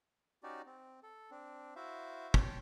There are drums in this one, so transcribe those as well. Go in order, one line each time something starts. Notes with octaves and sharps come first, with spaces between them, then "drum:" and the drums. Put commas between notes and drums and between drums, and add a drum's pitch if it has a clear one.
C#4 D#4 F#4 G4 D5
C4
A4
C4 D4
E4 F#4 C5 E5 F5
C#5 G5 A5 C6 C#6, drum: kick